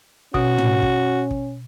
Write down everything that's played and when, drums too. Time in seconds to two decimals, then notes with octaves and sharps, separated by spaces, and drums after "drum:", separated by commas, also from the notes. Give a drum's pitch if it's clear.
0.34 B2 C#4 F#4, drum: kick
0.58 drum: tom
0.82 drum: kick
1.31 drum: kick